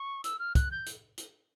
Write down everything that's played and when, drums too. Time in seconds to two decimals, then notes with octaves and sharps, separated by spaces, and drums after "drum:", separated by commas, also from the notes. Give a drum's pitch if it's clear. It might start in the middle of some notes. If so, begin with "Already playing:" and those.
Already playing: C#6
0.24 E6, drum: hi-hat
0.39 F6
0.55 F#6, drum: kick, hi-hat
0.71 G6
0.86 drum: hi-hat
1.18 drum: hi-hat